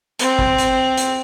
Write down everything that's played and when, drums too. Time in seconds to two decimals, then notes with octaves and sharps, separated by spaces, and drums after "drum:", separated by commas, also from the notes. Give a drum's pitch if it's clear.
0.19 C4, drum: hi-hat
0.39 drum: kick
0.58 drum: hi-hat
0.97 drum: hi-hat